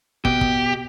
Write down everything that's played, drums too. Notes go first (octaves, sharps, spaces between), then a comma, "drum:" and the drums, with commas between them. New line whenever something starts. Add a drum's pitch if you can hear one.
B2 G4, drum: kick
drum: kick